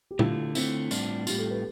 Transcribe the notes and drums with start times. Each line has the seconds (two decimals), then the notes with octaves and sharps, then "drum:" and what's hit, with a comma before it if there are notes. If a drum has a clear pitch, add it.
0.11 G4
0.19 D3 A3 E4 F4, drum: tom A#2
0.55 D3 A3 C4 E4, drum: tambourine
0.91 A2 G3 D4 F4, drum: tambourine
1.27 A2 G3 D4 F4 G4, drum: tambourine
1.39 A4
1.51 B4